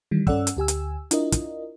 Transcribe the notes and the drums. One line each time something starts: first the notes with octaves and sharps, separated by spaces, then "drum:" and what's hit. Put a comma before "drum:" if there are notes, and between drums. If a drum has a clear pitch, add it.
D#3 E3 G3
G2 C#4 A4 D5 F#5 E6, drum: kick
drum: hi-hat
D2 G4 G#5 E6
drum: hi-hat
D4 E4 F4 A#4 D#5, drum: hi-hat
drum: kick, hi-hat